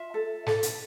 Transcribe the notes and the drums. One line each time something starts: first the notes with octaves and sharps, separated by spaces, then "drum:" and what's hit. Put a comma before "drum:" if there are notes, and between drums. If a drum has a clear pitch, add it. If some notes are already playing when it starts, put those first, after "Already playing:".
Already playing: F4 E5
A4
A4, drum: snare
drum: hi-hat